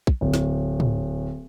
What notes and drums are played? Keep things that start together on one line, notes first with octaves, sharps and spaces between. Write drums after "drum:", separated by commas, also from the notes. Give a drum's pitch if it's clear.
drum: kick
D1
drum: snare
drum: tom